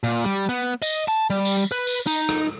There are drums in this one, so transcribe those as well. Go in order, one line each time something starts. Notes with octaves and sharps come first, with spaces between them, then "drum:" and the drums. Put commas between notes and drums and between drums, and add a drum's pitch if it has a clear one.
A#2
G3
B3
D#5, drum: tambourine
A5
G3
drum: tambourine
B4
drum: tambourine
D#4, drum: tambourine
drum: rim click